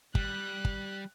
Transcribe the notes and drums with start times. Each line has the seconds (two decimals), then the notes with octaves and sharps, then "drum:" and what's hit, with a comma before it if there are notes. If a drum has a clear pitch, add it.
0.15 G3 F#6, drum: kick
0.65 drum: kick